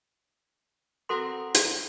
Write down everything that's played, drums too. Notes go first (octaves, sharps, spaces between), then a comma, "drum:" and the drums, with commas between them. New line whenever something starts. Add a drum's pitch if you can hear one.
C4 F#4 A4 A#4 F#5 C6
drum: hi-hat